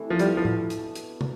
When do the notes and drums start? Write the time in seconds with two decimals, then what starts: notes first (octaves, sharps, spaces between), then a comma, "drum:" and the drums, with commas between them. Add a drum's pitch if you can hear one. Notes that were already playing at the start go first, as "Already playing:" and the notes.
Already playing: C3 E3 A3 D4 A4
0.10 F3
0.19 B2 G3, drum: hi-hat
0.37 F3
0.45 B2, drum: tom A2
0.70 drum: hi-hat
0.95 drum: hi-hat
1.21 drum: tom